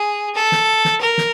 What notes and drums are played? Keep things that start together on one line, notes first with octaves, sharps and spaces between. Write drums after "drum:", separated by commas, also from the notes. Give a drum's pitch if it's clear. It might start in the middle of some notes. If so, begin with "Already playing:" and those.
Already playing: G#4
A4
drum: snare
drum: snare
A#4
drum: snare